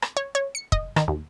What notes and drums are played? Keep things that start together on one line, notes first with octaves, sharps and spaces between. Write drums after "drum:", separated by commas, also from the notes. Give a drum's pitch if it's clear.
drum: rim click
C#5
C#5
C#7
D#5, drum: kick
D#3, drum: rim click
D#2